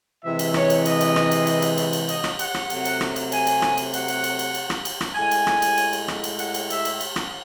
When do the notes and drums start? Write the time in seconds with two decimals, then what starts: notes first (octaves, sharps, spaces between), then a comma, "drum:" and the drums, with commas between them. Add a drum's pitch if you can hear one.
0.24 C3 E3 G#3 E5
0.39 drum: cymbal
0.54 C#5, drum: rim click
0.70 drum: cymbal
0.85 D#5, drum: cymbal
1.01 drum: cymbal
1.16 drum: rim click
1.31 drum: cymbal
1.47 drum: cymbal
1.62 drum: cymbal
1.78 drum: cymbal
1.93 drum: cymbal
2.09 D#5, drum: cymbal
2.24 drum: rim click
2.39 F#5, drum: cymbal
2.54 drum: rim click
2.70 C3 F#3 A3, drum: cymbal
2.85 drum: cymbal
3.01 drum: rim click
3.16 drum: cymbal
3.32 G#5, drum: cymbal
3.47 drum: cymbal
3.62 drum: rim click
3.78 drum: cymbal
3.94 F#5, drum: cymbal
4.08 drum: cymbal
4.24 drum: cymbal
4.39 drum: cymbal
4.54 drum: cymbal
4.70 drum: rim click
4.85 drum: cymbal
5.01 drum: rim click
5.15 A2 G#3 G#5
5.31 drum: cymbal
5.47 drum: rim click
5.62 drum: cymbal
5.78 drum: cymbal
5.93 drum: cymbal
6.08 drum: rim click
6.24 drum: cymbal
6.39 F#5, drum: cymbal
6.54 drum: cymbal
6.70 E5, drum: cymbal
6.85 drum: cymbal
7.01 drum: cymbal
7.16 drum: rim click